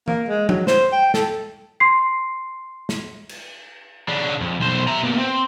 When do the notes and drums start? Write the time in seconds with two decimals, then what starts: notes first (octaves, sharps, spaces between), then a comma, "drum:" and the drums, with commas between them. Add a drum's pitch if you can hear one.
0.08 A#3, drum: tom E3
0.29 G#3
0.49 F#3, drum: tom F3
0.67 C5, drum: snare
0.92 G5
1.14 A4, drum: snare
1.80 C6 C7
2.89 drum: snare
3.29 drum: cymbal
4.09 C#3 D4
4.41 F2
4.60 B1 C5
4.88 E5 A#5
5.03 B2 A#3
5.18 C4